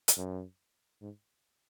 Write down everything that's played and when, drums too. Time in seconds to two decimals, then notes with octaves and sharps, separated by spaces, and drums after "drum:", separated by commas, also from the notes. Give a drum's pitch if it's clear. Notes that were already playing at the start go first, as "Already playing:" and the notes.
0.08 drum: hi-hat
0.17 F#2
1.02 G#2